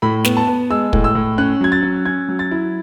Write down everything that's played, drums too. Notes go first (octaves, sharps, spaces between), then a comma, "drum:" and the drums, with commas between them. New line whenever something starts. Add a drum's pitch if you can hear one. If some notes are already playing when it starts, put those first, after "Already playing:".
A2 B5
B3, drum: snare
A5
B3
G#3 E6
A2, drum: kick
E6
A2
C#4 F#6
F#3 G#6
A6
C#4
C#4 G#6
F#3
A6
E4